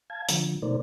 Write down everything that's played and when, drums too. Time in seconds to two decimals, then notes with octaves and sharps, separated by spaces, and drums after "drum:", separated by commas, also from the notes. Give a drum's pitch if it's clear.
0.10 F5 A5 G#6
0.29 D3 F3, drum: hi-hat
0.62 B2 A3 D#4 A#4 C5 D5